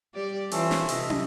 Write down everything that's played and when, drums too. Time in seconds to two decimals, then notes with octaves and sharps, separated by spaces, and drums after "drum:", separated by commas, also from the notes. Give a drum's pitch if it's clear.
0.14 G3 G4 D5
0.52 E3 C#4 F4 A4 C5, drum: hi-hat
0.71 drum: snare
0.89 C3 D#5 E5, drum: hi-hat
1.10 drum: tom